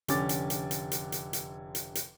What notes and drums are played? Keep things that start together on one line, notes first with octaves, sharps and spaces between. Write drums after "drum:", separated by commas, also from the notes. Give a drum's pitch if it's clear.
F1 D3 C#4 D6 A6, drum: hi-hat
drum: hi-hat
drum: hi-hat
drum: hi-hat
drum: hi-hat
drum: hi-hat
drum: hi-hat
drum: hi-hat
drum: hi-hat